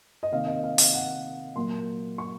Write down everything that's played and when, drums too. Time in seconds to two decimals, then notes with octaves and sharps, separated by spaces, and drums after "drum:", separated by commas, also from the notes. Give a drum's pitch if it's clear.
0.23 D#5
0.31 C3 D#3 A#3 F5
0.47 D#5
0.63 F5
0.78 F5, drum: open hi-hat
0.94 F#5
1.55 A#2 F#3 A#3 C6
2.18 C#6